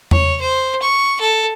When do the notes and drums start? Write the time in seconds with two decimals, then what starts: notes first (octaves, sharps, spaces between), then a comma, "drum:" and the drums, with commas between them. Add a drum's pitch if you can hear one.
0.11 C#5, drum: tom E2
0.41 C5
0.82 C#6
1.20 A4